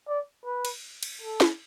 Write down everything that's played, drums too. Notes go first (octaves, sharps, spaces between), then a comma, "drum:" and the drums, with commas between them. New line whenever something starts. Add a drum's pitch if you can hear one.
D5
B4
drum: cymbal
drum: cymbal
A4
drum: snare